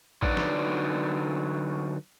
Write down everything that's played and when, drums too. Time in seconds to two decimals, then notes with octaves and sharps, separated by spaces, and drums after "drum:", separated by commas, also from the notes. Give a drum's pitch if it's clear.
0.23 D3 F#3 D#4 F#4 B4 D5, drum: kick A1
0.37 drum: snare